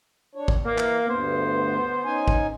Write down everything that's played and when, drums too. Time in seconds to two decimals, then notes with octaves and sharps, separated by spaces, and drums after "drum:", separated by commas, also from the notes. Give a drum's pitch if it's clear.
0.35 D4 C#5
0.48 drum: kick G#1
0.66 E3 A#3
0.78 drum: clap
1.08 D2 G2 B3 C5
2.05 C#4 D#4 G#5
2.28 drum: kick G#1